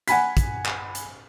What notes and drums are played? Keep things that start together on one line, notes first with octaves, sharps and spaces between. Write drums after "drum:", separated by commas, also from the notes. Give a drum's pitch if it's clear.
F#5 G#5 B5 B6, drum: hi-hat
drum: kick, hi-hat
drum: clap
drum: hi-hat